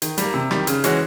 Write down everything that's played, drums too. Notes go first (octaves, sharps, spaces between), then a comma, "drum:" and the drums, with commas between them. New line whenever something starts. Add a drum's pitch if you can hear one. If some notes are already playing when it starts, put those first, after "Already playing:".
D#3, drum: hi-hat
G3 A#3, drum: hi-hat
C3
D#3 G3, drum: rim click
C#3, drum: hi-hat
E3 G#3 C#4 F#4, drum: hi-hat